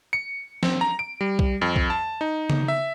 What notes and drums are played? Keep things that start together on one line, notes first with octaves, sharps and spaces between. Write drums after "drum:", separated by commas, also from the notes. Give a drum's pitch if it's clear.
C#7
C4, drum: snare
A#5
D7
G3
drum: kick B1
F2
drum: kick B1
A5
D#4
drum: tom C#3
E5